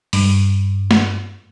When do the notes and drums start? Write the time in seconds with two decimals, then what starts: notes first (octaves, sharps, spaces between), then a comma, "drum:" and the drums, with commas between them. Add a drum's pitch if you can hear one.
0.13 G2, drum: open hi-hat
0.91 drum: snare